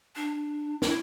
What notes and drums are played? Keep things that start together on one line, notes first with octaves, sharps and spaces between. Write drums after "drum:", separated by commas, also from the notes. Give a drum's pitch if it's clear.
D4
E4, drum: snare